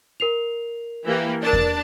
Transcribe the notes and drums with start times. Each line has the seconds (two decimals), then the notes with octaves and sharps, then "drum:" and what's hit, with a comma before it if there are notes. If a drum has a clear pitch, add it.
0.20 A#4 C7 F7
1.06 E3 A#3 G4
1.43 D4 A#4 D5 A5
1.53 drum: kick E2